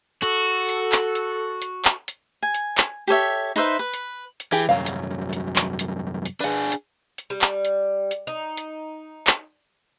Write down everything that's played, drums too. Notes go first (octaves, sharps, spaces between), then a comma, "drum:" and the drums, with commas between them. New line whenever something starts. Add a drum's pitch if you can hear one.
F#4 A4, drum: hi-hat
drum: hi-hat
drum: clap
drum: hi-hat
drum: hi-hat
drum: clap
drum: hi-hat
G#5
drum: hi-hat
drum: clap
G4 A4 C#5 E5
D#4 B4 C5 E5
B4
drum: hi-hat
drum: hi-hat
E3 G4 G#4
C2 F#2 F#3 F5
drum: hi-hat
drum: hi-hat
drum: clap
drum: hi-hat
drum: hi-hat
D4 G#4 B4 F#5
drum: hi-hat
drum: hi-hat
G3
drum: clap
drum: hi-hat
drum: hi-hat
D#4
drum: hi-hat
drum: clap